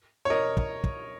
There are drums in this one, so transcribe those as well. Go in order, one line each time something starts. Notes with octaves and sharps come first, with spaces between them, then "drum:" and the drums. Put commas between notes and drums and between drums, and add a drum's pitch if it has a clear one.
C#5
A#4 D#5
drum: kick
drum: kick